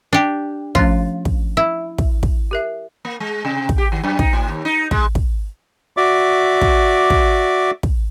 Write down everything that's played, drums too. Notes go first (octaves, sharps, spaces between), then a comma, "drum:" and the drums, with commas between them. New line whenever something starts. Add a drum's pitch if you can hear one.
D4 G4
F3 A3 C#4 F4, drum: kick
drum: kick
E4
drum: kick
drum: kick
G4 A#4 E5
A#3
G#3
C3
drum: kick
G4
D#3
F#2
D#4, drum: kick
A2
D#2
D#4
G#3, drum: kick
drum: kick
F#4 D5 E5 D6
drum: kick
drum: kick
drum: kick